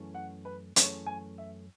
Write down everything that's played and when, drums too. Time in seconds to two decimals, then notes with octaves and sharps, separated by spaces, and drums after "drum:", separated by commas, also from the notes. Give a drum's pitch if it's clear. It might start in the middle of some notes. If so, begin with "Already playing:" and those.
Already playing: F#2 E3 A3 C#4 G#4
0.15 F#5
0.45 B4
0.76 F#2 E3 A3 C#4 G#4 C#5, drum: hi-hat
1.06 G#5
1.38 E5